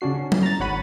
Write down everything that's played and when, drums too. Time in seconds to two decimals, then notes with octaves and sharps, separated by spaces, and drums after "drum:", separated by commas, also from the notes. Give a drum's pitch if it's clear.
0.01 C#3 C#4 D4 F#4 C7
0.15 C#4
0.32 drum: tom
0.43 A#5 A6
0.60 G#1 C#5 F#5 B5 D#7